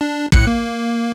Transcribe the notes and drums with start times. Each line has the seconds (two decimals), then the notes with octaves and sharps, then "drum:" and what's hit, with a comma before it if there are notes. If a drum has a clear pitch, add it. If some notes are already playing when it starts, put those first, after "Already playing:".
0.01 D4
0.32 A2 F#6 C#7, drum: kick
0.47 A#3